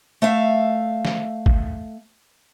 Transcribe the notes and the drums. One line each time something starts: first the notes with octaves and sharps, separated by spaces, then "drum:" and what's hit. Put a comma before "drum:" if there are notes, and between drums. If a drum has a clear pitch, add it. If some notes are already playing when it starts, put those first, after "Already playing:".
A3 E5 F5
drum: snare
drum: kick